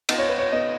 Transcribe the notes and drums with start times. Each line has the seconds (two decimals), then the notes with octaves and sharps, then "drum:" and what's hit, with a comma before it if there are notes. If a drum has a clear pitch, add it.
0.09 B3 D#5, drum: cymbal
0.19 C#5
0.29 B4
0.38 C#5
0.52 B3 D#5